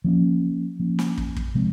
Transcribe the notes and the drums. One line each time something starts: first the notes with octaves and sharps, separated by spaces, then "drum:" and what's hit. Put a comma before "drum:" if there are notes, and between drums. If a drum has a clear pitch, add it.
F3 A#3 C#4
F3 A#3 C#4
drum: snare
drum: kick
drum: kick
C3 F3 G#3 C4